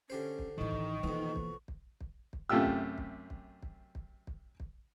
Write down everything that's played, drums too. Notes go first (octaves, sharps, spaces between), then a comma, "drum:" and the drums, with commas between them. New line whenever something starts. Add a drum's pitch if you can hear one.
D3 C#4 G4 C5
drum: kick
A1 D#3 E3 C#6
drum: kick
F2 B2 E3 A#3, drum: kick
drum: kick
drum: kick
drum: kick
drum: kick
F#2 C3 A3 F4 G4 E6
drum: kick
drum: kick
drum: kick
drum: kick
drum: kick
drum: kick
drum: kick